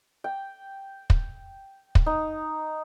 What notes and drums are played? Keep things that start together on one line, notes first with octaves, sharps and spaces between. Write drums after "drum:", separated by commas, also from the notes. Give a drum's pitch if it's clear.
G5
drum: kick
drum: kick
D#4